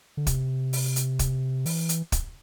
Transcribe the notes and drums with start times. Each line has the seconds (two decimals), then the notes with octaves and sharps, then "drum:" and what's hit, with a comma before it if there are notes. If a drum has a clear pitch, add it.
0.17 D3
0.27 C3, drum: kick, hi-hat
0.73 drum: open hi-hat
0.96 drum: hi-hat
1.19 drum: kick, hi-hat
1.66 E3, drum: open hi-hat
1.89 drum: hi-hat
2.12 drum: kick, hi-hat